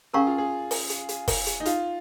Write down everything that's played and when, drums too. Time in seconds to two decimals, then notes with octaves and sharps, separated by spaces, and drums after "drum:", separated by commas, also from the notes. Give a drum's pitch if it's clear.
0.14 C#4 G#4 A#4 F5 A#5 C#6
0.27 F4
0.38 G#4
0.71 drum: open hi-hat
0.90 drum: hi-hat
1.09 drum: hi-hat
1.28 drum: kick, open hi-hat
1.47 drum: hi-hat
1.60 D#4
1.65 F4, drum: hi-hat